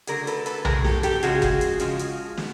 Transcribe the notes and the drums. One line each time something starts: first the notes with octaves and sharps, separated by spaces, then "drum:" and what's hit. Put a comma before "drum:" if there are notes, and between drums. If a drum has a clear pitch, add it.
D3 F#3 A3 G#4 A#4, drum: hi-hat
A4 B4, drum: hi-hat
A4 B4, drum: hi-hat
D3 F#3 A3 G#4 A#4, drum: tom B1
G4 A4, drum: snare
G4 A4, drum: hi-hat
C#3 F3 G#3 F#4 G#4, drum: hi-hat
drum: kick, hi-hat
drum: hi-hat
C#3 F3 G#3, drum: hi-hat
drum: hi-hat
B2, drum: snare